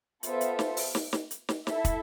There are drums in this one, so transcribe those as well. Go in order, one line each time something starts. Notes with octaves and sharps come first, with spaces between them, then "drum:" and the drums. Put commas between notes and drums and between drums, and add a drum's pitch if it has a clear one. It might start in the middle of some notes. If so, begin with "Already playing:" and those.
B3 F4 A4 C5 E5, drum: hi-hat
drum: hi-hat
drum: snare
drum: open hi-hat
drum: snare
drum: snare
drum: hi-hat
drum: snare
E4 A4 E5, drum: snare
drum: kick, hi-hat